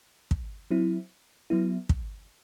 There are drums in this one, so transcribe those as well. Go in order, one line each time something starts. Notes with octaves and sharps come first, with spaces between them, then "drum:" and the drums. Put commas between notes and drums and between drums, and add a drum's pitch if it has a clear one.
drum: kick
F#3 C4 E4
F#3 B3 E4
drum: kick